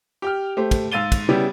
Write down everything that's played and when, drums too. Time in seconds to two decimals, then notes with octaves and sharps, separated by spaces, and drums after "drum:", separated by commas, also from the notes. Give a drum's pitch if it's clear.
0.22 G4 G5 F6
0.57 A3 G4 C5
0.71 drum: kick, cymbal
0.92 G#2 F5 E6 A6 D#7 G7
1.12 drum: kick, cymbal
1.29 C#3 G3 B3 E4 G4